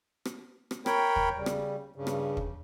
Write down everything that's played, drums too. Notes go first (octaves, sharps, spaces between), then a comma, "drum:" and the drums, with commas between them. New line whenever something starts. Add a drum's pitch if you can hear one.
drum: rim click
drum: rim click
A#4 C#5 G5 B5, drum: rim click
drum: kick
C#3 G3
drum: rim click
G2 C#3
drum: rim click
drum: kick